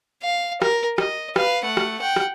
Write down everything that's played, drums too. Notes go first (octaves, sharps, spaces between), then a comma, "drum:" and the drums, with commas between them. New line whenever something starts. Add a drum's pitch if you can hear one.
F5
A#4, drum: rim click
D#5, drum: rim click
B4 F5, drum: rim click
A3 F#5
drum: rim click
F#5 G5
drum: rim click